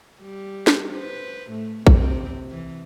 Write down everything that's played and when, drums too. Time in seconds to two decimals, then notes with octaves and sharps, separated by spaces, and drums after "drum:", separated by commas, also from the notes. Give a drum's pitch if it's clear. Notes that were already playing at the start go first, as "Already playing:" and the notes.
0.22 G3
0.67 drum: snare
0.93 B4 C5
1.51 A2 A3
1.87 C3 C4, drum: kick
2.51 E3